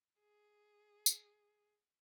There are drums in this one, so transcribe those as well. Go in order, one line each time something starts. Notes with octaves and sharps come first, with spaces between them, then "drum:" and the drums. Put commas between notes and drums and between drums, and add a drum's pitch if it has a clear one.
G#4
drum: tambourine